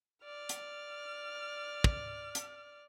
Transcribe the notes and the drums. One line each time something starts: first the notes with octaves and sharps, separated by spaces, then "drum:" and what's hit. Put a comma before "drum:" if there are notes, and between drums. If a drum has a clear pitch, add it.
D5 F6
drum: hi-hat
drum: kick
drum: hi-hat